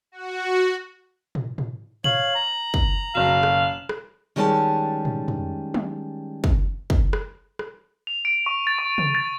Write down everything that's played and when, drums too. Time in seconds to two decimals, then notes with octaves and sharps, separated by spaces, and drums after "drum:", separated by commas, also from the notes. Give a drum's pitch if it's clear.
0.12 F#4
1.35 drum: tom
1.58 drum: tom
2.04 C#5 F5 F#7, drum: tom
2.35 A#5
2.74 drum: kick
3.15 F#1 B2 F5 E7
3.43 drum: rim click
3.89 drum: rim click
4.36 D#3 G3 G#3 C#4 E4 A5
5.05 drum: tom
5.28 drum: tom
5.74 drum: tom
6.44 drum: kick
6.90 drum: kick
7.13 drum: rim click
7.59 drum: rim click
8.07 F7
8.25 D7
8.46 C#6
8.67 A6
8.78 C#6
8.98 drum: tom
9.15 A6